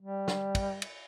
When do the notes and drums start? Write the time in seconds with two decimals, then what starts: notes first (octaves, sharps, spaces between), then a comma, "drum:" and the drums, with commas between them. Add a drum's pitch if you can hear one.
0.01 G3
0.28 drum: snare
0.55 drum: kick, cymbal
0.82 drum: cymbal